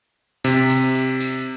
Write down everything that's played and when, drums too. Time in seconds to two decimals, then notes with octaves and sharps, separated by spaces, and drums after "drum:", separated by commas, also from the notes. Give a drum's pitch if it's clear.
0.44 C3, drum: tambourine
0.70 drum: tambourine
0.95 drum: tambourine
1.21 drum: tambourine